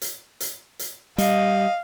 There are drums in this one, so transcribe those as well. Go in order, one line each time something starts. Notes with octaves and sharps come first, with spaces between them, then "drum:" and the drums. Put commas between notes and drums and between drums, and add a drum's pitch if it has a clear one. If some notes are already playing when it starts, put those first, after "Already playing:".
drum: hi-hat
drum: hi-hat
drum: hi-hat
G3 D#5 F5, drum: hi-hat